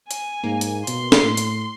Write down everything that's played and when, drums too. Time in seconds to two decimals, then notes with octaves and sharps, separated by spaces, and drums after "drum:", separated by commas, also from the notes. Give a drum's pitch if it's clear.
0.11 G#5, drum: hi-hat
0.44 G#2 A#3
0.61 drum: hi-hat
0.87 B2 C6, drum: hi-hat
1.12 drum: snare
1.22 A2
1.37 drum: hi-hat